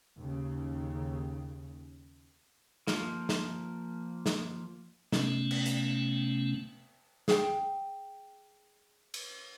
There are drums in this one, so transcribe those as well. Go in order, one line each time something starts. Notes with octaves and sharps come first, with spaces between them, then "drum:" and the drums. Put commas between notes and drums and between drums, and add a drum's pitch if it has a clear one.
D#2 C#3
F3 A#3, drum: snare
drum: snare
drum: snare
C3 A3 B3 C#4, drum: snare
drum: cymbal
drum: hi-hat
G#4 G5, drum: snare
drum: cymbal